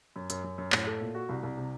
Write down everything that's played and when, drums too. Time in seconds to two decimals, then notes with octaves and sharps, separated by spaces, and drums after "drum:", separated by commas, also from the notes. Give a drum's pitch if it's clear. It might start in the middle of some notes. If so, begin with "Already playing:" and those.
0.16 F#2
0.30 F#2, drum: hi-hat
0.44 F#2
0.58 F#2
0.72 A2, drum: clap
0.87 A4
1.00 A#2
1.15 F#4
1.29 C2
1.43 C2
1.57 C3